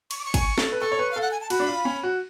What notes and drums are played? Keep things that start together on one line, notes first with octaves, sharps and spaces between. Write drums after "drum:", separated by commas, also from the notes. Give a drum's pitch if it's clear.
C#6, drum: cymbal
D6
C#6
G#5, drum: kick, cymbal
A4, drum: snare
B4
A4 C#6
C#5
B4
A4 F5
F#5
G#5
A5
F#4 B5, drum: cymbal
D4
F4
C#4
F#4